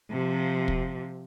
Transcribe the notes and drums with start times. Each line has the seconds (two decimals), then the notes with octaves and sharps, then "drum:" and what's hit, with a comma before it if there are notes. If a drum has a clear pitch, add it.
0.11 C3 F3
0.68 drum: kick